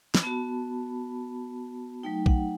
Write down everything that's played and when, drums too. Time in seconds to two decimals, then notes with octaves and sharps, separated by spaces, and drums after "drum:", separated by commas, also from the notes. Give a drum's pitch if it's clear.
0.15 B5, drum: snare
0.23 B3 F#4 A5
2.03 F#3 A3 D#4 G5
2.26 F#5, drum: kick